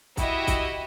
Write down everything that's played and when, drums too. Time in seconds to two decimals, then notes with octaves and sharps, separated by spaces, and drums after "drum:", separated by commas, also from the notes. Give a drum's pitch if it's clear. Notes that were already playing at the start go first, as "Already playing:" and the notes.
0.17 E4 F#4 G4 D#5 E5, drum: kick, hi-hat
0.47 drum: kick, hi-hat